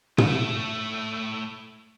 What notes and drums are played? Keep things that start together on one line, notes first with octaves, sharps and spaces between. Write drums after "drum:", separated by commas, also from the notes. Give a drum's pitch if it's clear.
A3 E4, drum: tom